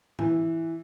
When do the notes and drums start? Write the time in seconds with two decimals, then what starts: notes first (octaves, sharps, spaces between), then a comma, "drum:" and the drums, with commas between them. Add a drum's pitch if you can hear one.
0.19 E3, drum: tom G#2